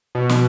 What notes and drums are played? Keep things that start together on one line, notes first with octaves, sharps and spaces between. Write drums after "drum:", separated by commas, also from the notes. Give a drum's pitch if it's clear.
B2
drum: snare